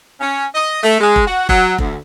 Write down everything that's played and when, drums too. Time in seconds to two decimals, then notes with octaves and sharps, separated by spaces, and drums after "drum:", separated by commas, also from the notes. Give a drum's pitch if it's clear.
0.21 C#4
0.55 D#5
0.83 A3
1.01 G#3
1.16 drum: kick F1
1.26 F#4
1.49 F#3, drum: kick F1
1.78 D2, drum: kick F1